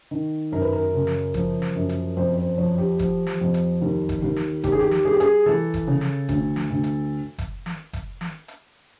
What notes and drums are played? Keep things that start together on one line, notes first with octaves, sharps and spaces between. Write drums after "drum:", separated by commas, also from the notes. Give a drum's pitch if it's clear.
D#3
F#2 A#4
B4
A#4
C#3
drum: snare
F3, drum: kick F#1, hi-hat
drum: snare
F#2
drum: hi-hat
F2 C5
C5
F3 C#5
G4
F3, drum: kick F#1, hi-hat
drum: snare
F2
drum: hi-hat
D#2
drum: kick F#1, hi-hat
D#2
drum: snare
D#2 G4, drum: kick F#1, hi-hat
G#4
G4
drum: snare
G3 G#4
G4
G#4, drum: hi-hat
E3 A4
drum: kick F#1, hi-hat
C#3
drum: snare
D2, drum: kick F#1, hi-hat
drum: snare
D2
drum: hi-hat
drum: kick F#1, hi-hat
drum: snare
drum: kick F#1, hi-hat
drum: snare
drum: hi-hat